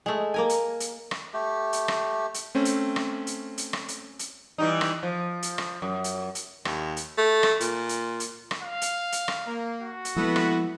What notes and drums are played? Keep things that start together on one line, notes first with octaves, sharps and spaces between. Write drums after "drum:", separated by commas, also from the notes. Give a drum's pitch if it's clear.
G#3 A3
A#3 A#4 G#5
drum: hi-hat
drum: hi-hat
drum: rim click
A3 G4
drum: hi-hat
drum: rim click
drum: hi-hat
A3 C4 C#4
drum: hi-hat
drum: rim click
drum: hi-hat
drum: hi-hat
drum: rim click
drum: hi-hat
drum: hi-hat
E3 G3 D#4
drum: rim click
F3
drum: hi-hat
drum: rim click
F#2
drum: hi-hat
drum: hi-hat
D#2, drum: rim click
drum: hi-hat
A3
drum: rim click
A#2, drum: hi-hat
drum: hi-hat
drum: hi-hat
drum: rim click
F5
drum: hi-hat
drum: hi-hat
drum: rim click
A#3
F#4
drum: hi-hat
F3 G#3 A#3 B3 E4 A4 B4
drum: rim click